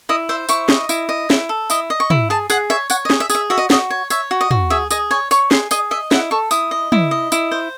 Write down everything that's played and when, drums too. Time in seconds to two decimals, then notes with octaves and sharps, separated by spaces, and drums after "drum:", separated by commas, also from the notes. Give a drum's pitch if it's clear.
0.09 E4 D#5
0.29 C5 E5
0.49 E4 C#6, drum: tambourine
0.69 D#5, drum: snare
0.89 E4, drum: tambourine
1.09 D#5
1.30 E4, drum: snare
1.49 A4
1.70 E4 D#5, drum: tambourine
1.90 D#5
2.00 C#6
2.10 E4, drum: tom
2.30 G#4 A5
2.50 G#4 F#5, drum: tambourine
2.70 C#5 E5
2.90 C#5 F#5, drum: tambourine
3.05 D#5
3.10 G#4, drum: snare
3.20 E5
3.30 G#4, drum: tambourine
3.35 E5
3.50 F#4 E5
3.58 D#5
3.70 F#4 D#5, drum: snare
3.90 C#5
4.10 C#5 E5, drum: tambourine
4.31 F#4
4.41 D#5
4.51 F#4, drum: tom
4.70 G#4 E5
4.91 G#4 D#5, drum: tambourine
5.11 C#5 G#5
5.31 C#5 C#6, drum: tambourine
5.51 G#4 C6, drum: snare
5.71 G#4 D#5, drum: tambourine
5.91 D#5 E5
6.11 E4 F#5, drum: snare
6.31 A4 C#6
6.51 E4 D#6, drum: tambourine
6.71 D#5
6.92 E4, drum: tom
7.11 D#5
7.32 E4, drum: tambourine
7.51 C5